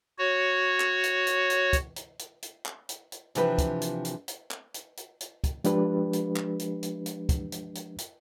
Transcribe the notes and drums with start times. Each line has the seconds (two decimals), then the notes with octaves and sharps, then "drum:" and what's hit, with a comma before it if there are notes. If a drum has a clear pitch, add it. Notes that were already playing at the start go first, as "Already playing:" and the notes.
0.18 F#4 C#5
0.80 drum: clap
1.03 drum: hi-hat
1.27 drum: hi-hat
1.50 drum: hi-hat
1.73 drum: kick, hi-hat
1.96 drum: hi-hat
2.19 drum: hi-hat
2.42 drum: hi-hat
2.66 drum: clap
2.89 drum: hi-hat
3.12 drum: hi-hat
3.35 C3 E3 F3 D4 G4 B4, drum: hi-hat
3.58 drum: kick, hi-hat
3.81 drum: hi-hat
4.05 drum: hi-hat
4.28 drum: hi-hat
4.51 drum: clap
4.74 drum: hi-hat
4.97 drum: hi-hat
5.20 drum: hi-hat
5.44 drum: kick, hi-hat
5.64 F3 G#3 D4 G4 B4, drum: hi-hat
6.13 drum: hi-hat
6.36 drum: clap
6.59 drum: hi-hat
6.83 drum: hi-hat
7.06 drum: hi-hat
7.29 drum: kick, hi-hat
7.52 drum: hi-hat
7.75 drum: hi-hat
7.98 drum: hi-hat